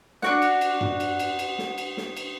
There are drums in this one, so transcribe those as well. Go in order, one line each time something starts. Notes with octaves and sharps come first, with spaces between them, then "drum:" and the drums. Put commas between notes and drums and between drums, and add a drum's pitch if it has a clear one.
D4 F#4 F#5, drum: snare
drum: cymbal
drum: cymbal
drum: tom
drum: cymbal
drum: cymbal
drum: cymbal
drum: snare
drum: cymbal
drum: snare
drum: cymbal